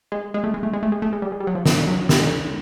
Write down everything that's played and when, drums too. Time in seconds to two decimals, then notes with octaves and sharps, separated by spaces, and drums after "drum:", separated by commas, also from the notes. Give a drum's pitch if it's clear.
0.12 G#3
0.34 G#3
0.44 A3
0.54 G#3
0.63 A3
0.73 G#3
0.83 A3
0.92 G#3
1.02 A3
1.13 G#3
1.22 G3
1.32 G#3
1.40 G3
1.47 F#3
1.55 F3
1.66 drum: snare
1.87 F#3
2.09 G3, drum: snare
2.20 G#3